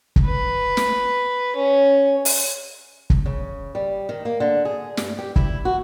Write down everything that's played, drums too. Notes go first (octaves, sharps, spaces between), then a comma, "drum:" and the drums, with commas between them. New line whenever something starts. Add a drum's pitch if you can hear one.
drum: kick
B4
drum: snare
C#4
drum: open hi-hat
drum: kick
C#3
G3
D#3
A#3
D3
G#4
G2, drum: snare
G4
E4, drum: kick
F#4